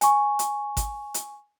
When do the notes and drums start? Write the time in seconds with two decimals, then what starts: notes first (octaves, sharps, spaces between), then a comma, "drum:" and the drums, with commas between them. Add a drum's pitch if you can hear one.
0.01 G#5 C#6, drum: hi-hat
0.39 drum: hi-hat
0.77 drum: kick G#1, hi-hat
1.14 drum: hi-hat